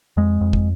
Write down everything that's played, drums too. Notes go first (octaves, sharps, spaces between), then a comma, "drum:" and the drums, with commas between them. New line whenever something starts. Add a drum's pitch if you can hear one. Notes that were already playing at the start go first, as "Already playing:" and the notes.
F2 G#3
F2
drum: kick